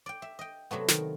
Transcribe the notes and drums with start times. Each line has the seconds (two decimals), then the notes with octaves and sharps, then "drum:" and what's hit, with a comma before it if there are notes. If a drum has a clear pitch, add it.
0.06 D5 G5
0.22 E5
0.39 D#5 G5
0.71 C3 F#3 A3 B3
0.88 D#3, drum: snare